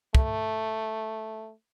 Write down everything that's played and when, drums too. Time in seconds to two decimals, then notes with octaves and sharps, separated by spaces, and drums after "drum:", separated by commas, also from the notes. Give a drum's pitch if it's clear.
0.15 A3, drum: kick